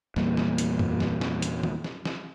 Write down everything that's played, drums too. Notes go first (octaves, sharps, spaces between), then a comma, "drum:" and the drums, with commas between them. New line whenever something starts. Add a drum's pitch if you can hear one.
E2 A#2 G3 A#3, drum: snare
drum: snare
drum: hi-hat
drum: tom F#2
drum: snare
drum: snare
drum: hi-hat
drum: tom
drum: snare
drum: snare